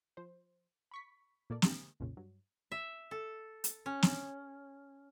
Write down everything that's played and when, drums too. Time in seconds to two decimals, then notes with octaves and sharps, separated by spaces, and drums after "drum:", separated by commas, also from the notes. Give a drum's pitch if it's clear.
0.17 F3 C5
0.91 B5 C#6 B6
1.50 A#2 A#3 A4 D5
1.62 D3 G#3 A#3 G4, drum: snare
2.00 B1 F2 A#2 C#3
2.17 G2 F#3
2.72 E5
3.11 A4
3.64 drum: hi-hat
3.86 C#4
4.03 drum: snare